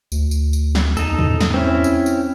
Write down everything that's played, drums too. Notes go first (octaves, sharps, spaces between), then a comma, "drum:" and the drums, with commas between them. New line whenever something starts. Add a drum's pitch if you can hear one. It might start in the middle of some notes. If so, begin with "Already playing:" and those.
D2, drum: tambourine
drum: tambourine
drum: tambourine
drum: snare
E2 D#4 A4, drum: tambourine
drum: tom G2
drum: snare
C4 C#4 E4
drum: tambourine
drum: tambourine